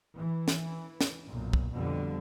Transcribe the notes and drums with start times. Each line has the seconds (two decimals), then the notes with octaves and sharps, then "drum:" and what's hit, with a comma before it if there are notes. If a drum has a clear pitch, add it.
0.16 E3
0.48 drum: snare
1.01 drum: snare
1.27 B1 F#2 A#2
1.53 drum: kick
1.73 F2 B2 D3 F3 G3